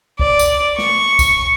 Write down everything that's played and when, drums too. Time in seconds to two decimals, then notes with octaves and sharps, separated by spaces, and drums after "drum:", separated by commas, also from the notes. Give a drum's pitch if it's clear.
0.19 D5, drum: kick
0.39 drum: tambourine
0.78 C#6, drum: snare
1.19 drum: kick, tambourine